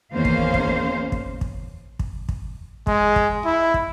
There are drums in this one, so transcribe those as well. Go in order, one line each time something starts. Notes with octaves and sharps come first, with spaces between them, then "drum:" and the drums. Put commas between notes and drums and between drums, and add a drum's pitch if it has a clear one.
E2 D#3 A#3 C#4 C5 F5
drum: kick
drum: kick
drum: kick
drum: kick
drum: kick
drum: kick
G#3, drum: kick
drum: kick
E4
drum: kick